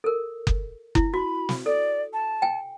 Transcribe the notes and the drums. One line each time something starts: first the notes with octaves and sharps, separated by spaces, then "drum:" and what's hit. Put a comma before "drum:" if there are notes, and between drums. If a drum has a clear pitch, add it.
A4 A#4
drum: kick F#1
E4, drum: kick F#1
F#4 B5
drum: snare
A4 D5
A5
G5 G#5